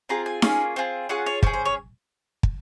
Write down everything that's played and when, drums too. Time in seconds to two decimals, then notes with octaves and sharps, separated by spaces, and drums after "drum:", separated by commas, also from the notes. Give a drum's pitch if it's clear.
0.09 C4 F4 G#4 A#5
0.26 G#5
0.42 A#3 C#4 F4 G#4, drum: snare D#4
0.76 C4 F4 G#4
1.09 C#4 F4 G#4 F#5
1.26 C#5
1.43 C#4 G#4 C5, drum: kick
1.54 C5
1.65 C#5
2.43 drum: kick